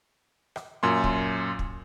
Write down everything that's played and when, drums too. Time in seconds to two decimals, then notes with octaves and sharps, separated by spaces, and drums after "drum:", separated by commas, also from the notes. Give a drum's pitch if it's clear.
0.56 drum: rim click
0.83 F#2 A#2 C6
1.04 drum: kick
1.59 drum: kick